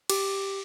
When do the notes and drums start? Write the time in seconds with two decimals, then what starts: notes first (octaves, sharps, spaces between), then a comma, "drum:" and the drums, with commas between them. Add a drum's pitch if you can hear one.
0.10 G4, drum: cymbal